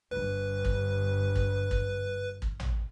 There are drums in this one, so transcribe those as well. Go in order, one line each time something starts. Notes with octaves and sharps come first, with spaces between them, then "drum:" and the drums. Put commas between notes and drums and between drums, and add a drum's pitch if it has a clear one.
G1 G2 B4
drum: kick
drum: kick
drum: kick
drum: kick
drum: tom A1